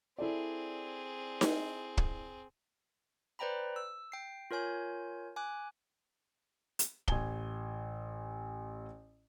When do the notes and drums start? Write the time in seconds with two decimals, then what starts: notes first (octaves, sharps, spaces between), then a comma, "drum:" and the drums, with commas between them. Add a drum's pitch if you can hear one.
0.18 C4 E4 G#4 A4 D5
1.41 drum: snare D#4
1.97 drum: kick
3.39 B4 C5 D5 G5 A#5 B5
3.76 E6
4.12 G5 C7
4.51 F4 A#4 C#5 G#5 G6
5.36 G#5 D6 F#6
6.79 drum: hi-hat
7.08 A1 G#5 G7, drum: kick